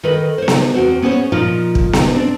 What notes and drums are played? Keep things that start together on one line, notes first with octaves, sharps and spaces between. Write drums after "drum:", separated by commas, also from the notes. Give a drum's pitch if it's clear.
D#3 A4 B4 D#5
C5 C#5
drum: snare B3
E2 C4 F#4 C5
B3 C#4 G#4 C5 C#5
A#2 F3 D#4 F4
drum: kick
drum: snare B3
C4 D4